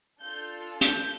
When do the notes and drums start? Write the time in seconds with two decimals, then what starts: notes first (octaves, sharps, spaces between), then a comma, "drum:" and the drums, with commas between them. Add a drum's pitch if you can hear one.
0.21 D4 F4 A4 G6
0.81 G6, drum: hi-hat